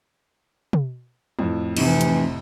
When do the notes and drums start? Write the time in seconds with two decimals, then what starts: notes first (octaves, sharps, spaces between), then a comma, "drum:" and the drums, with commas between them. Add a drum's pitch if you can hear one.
0.73 drum: tom
1.39 F2 A2, drum: tom
1.77 F1 C3 E3, drum: cymbal
2.01 drum: hi-hat